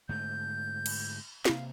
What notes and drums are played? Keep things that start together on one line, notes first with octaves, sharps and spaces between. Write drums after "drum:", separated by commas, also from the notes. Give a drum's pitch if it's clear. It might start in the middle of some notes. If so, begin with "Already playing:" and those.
G#2 D3 A3 G6
drum: cymbal
C3 A#3 F5, drum: snare